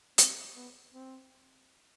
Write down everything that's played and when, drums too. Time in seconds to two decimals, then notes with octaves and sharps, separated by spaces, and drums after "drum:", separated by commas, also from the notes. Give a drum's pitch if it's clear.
0.18 C4, drum: hi-hat
0.56 B3
0.94 C4